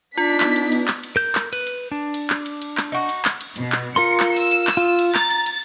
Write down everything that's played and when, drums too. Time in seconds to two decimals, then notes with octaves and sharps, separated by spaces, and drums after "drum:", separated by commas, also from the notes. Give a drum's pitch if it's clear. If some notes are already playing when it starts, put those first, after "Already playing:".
0.18 B3 D4 D#4 F4 B6
0.40 drum: clap
0.56 drum: cymbal
0.72 drum: cymbal
0.88 drum: clap
1.04 drum: cymbal
1.16 A#4 G6
1.35 drum: clap
1.53 B4, drum: cymbal
1.67 drum: cymbal
1.92 D4
2.14 drum: cymbal
2.30 drum: clap
2.46 drum: cymbal
2.62 drum: cymbal
2.77 drum: clap
2.92 D#4 F#4
3.09 drum: cymbal
3.25 drum: clap
3.41 drum: cymbal
3.56 B2, drum: cymbal
3.72 drum: clap
3.96 F4 A#4 C6 C#7
4.20 drum: clap
4.36 E6, drum: cymbal
4.51 drum: cymbal
4.67 drum: clap
4.77 F4
4.99 drum: cymbal
5.15 A#5 A6, drum: clap
5.30 drum: cymbal
5.46 drum: cymbal